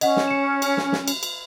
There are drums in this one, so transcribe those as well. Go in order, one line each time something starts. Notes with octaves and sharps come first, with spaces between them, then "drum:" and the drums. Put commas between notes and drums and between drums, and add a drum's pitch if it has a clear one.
C#4 D#5 F#5, drum: cymbal
drum: snare
C#7 E7
drum: cymbal
drum: snare
drum: snare
drum: cymbal
drum: cymbal